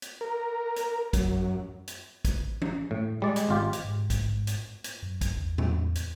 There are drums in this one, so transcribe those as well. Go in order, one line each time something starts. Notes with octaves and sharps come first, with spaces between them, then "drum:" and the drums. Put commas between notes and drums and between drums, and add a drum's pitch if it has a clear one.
drum: hi-hat
A#4
drum: hi-hat
F#2, drum: kick, hi-hat
drum: hi-hat
drum: kick, hi-hat
drum: tom
A2
G3 G#3 D5
drum: hi-hat
G#1 F4 G4
drum: hi-hat
G#2
drum: kick, hi-hat
drum: hi-hat
drum: hi-hat
F#2
drum: kick, hi-hat
E2
drum: tom A2
drum: hi-hat